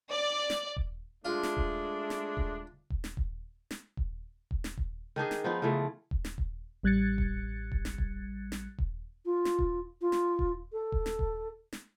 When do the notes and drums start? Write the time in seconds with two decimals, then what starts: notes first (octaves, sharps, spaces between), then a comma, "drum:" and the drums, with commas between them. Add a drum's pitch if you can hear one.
0.11 D5
0.50 drum: snare
0.77 drum: kick D#1
1.25 G#3 A3 D4 F4
1.43 drum: snare
1.57 drum: kick D#1
2.10 drum: snare
2.37 drum: kick D#1
2.90 drum: kick D#1
3.04 drum: snare
3.17 drum: kick D#1
3.71 drum: snare
3.97 drum: kick D#1
4.51 drum: kick D#1
4.64 drum: snare
4.77 drum: kick D#1
5.16 D#3 D4 D#4 G#4
5.31 drum: snare
5.44 F3 B3 D#4
5.62 C#3 E3 F3 A3
6.11 drum: kick D#1
6.25 drum: snare
6.38 drum: kick D#1
6.83 A1 G3 F#6 G#6 A6 C#7
7.18 drum: kick D#1
7.72 drum: kick D#1
7.85 drum: snare
7.98 drum: kick D#1
8.52 drum: snare
8.78 drum: kick D#1
9.26 F4
9.45 drum: snare
9.59 drum: kick D#1
10.01 F4
10.12 drum: snare
10.39 drum: kick D#1
10.73 A4
10.92 drum: kick D#1
11.06 drum: snare
11.19 drum: kick D#1
11.73 drum: snare